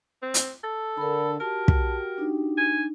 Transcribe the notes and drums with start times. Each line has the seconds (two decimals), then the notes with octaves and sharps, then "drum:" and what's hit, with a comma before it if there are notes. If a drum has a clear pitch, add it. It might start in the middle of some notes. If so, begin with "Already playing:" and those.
0.22 C4
0.34 drum: hi-hat
0.64 A4
0.97 D3 A#4 B5
1.40 F#4 G4 A#4 A5
1.68 drum: kick
2.18 D4 D#4
2.58 G#5